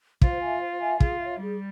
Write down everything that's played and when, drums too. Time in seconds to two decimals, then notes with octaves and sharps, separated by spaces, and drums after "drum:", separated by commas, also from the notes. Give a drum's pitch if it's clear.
0.22 F4 C5, drum: kick
0.42 E5 G#5
0.61 C5
0.81 E5 G#5
1.00 F4 G#4, drum: kick
1.20 C#5 E5
1.40 G3 G#4